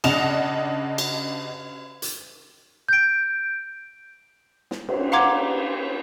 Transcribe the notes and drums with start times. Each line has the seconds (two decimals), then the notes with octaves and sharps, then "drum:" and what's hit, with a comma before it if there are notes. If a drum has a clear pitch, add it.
0.04 C#3 D4 D#5 F#5 E7 F7, drum: cymbal
0.98 drum: cymbal
2.02 drum: hi-hat
2.89 G6 D7
4.71 drum: snare
4.89 drum: cymbal
5.12 F5 F#5 A#5 C6 D6 G#6